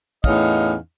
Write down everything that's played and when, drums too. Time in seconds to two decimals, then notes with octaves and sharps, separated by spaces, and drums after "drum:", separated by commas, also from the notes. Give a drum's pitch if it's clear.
0.24 E2 A2 C#4 D#4 D#5 F5, drum: kick